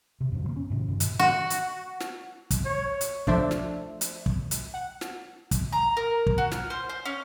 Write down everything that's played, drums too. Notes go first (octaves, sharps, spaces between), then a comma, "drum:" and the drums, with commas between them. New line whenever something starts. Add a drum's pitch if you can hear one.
C3
F2 G#2 D3 F#3
F#3 A#3
C#4
G#2 C3 D#3
G2 A#2 D#3
drum: hi-hat
F#4
drum: hi-hat
drum: snare
drum: kick, hi-hat
C#5
drum: hi-hat
F3 A3 D4 C5 E5, drum: kick
drum: snare
drum: hi-hat
drum: kick
drum: hi-hat
F#5
drum: snare
drum: kick, hi-hat
A#5
A#4
drum: kick
F#4
F6, drum: snare
C5
C5
C#4